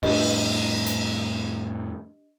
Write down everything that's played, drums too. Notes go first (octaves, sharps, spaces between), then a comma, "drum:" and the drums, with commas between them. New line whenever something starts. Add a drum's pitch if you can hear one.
F2 A2 D4 G4 D#5, drum: cymbal
drum: hi-hat